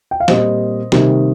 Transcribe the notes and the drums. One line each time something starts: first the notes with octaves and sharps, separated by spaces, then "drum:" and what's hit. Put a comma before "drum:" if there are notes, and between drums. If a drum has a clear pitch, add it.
G5
F5
A#2 G3 C4 C5 D#5, drum: snare
C3 D#3 G3 A#3, drum: snare